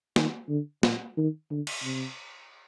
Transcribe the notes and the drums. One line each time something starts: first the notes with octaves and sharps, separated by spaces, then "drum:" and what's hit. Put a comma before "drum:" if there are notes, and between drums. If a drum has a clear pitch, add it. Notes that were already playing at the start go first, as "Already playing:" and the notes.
D#3, drum: snare
D3
A#2, drum: snare
D#3
D3
drum: cymbal
C3